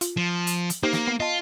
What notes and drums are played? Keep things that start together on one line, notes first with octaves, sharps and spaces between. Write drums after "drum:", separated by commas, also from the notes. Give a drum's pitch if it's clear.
F4, drum: hi-hat
F3
drum: hi-hat
drum: hi-hat
A#3 D#4 G4 C5
drum: snare
B3
F4 D#5 A5